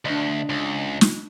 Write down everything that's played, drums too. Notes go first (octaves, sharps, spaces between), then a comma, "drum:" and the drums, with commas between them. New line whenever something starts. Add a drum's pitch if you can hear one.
D2 D4 D#5
C#2
drum: snare